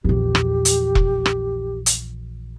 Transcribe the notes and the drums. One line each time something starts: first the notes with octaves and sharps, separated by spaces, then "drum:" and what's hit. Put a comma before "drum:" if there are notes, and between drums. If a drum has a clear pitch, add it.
A#1 E2 G4
drum: rim click
drum: hi-hat
drum: kick E1
drum: rim click
drum: hi-hat